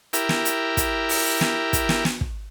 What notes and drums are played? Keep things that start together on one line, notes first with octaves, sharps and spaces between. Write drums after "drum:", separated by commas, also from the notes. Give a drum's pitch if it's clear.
E4 G4 A#4, drum: hi-hat
drum: snare
drum: hi-hat
drum: kick, hi-hat
drum: open hi-hat
drum: snare
drum: kick, hi-hat
drum: snare
drum: snare
drum: kick